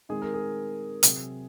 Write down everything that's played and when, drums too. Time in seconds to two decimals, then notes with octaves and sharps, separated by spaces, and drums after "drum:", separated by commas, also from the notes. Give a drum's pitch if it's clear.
0.09 D#3 G#3 C4 G#4
0.22 A#4
0.34 G#4
1.03 C3 F#3 C4, drum: hi-hat